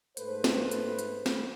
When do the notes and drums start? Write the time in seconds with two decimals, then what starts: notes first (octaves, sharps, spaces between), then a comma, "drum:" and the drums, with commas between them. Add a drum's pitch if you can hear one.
0.17 G#2 A3 A4 B4 C5, drum: hi-hat
0.44 drum: snare
0.71 drum: hi-hat
0.99 drum: hi-hat
1.26 drum: snare